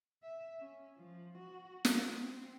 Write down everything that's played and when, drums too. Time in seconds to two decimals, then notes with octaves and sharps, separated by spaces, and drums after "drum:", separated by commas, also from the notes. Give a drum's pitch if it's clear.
0.23 E5
0.60 C#4
0.97 F3
1.38 F#4
1.85 B3, drum: snare
2.19 C4